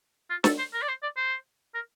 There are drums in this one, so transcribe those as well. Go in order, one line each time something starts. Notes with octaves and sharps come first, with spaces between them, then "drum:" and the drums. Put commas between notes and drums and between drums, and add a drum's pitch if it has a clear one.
F4
A4, drum: snare
C5
A#4
D5
C5
D5
C5
A#4